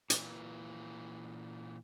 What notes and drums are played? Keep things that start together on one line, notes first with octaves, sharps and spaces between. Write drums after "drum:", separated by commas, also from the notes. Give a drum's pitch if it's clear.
A#2 E3, drum: hi-hat